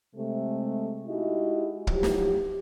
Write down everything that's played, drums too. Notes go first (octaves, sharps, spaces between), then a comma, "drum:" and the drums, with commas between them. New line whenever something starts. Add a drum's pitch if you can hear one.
C3 G#3 A3
G#3 D#4 E4 F#4 G4 D#5
A2 F3 F#3 G4, drum: kick
drum: snare